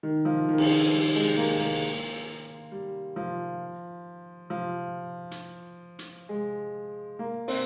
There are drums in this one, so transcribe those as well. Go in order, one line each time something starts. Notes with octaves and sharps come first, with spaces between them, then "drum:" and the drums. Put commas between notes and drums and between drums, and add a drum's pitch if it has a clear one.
D#3
F3
D#3
drum: cymbal
G3
G#3
A#3
A#3
G3
F3
F3
drum: hi-hat
drum: hi-hat
G#3
A#3
C4, drum: open hi-hat